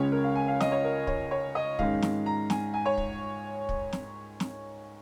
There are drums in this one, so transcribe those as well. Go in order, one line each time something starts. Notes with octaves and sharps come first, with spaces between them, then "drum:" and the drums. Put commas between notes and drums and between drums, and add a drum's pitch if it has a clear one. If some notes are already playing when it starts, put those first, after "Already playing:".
Already playing: C#2 C#3 G#3 C#4 C#5
A#4
F5
G#5
F5
D#5, drum: snare
C#5
A#4
C#5, drum: kick
C#5
D#5
G#2 D#3 G#3 C#4 F5, drum: kick
drum: snare
A#5
G#5, drum: snare
G#5
C#5
drum: kick
drum: kick
drum: snare
drum: snare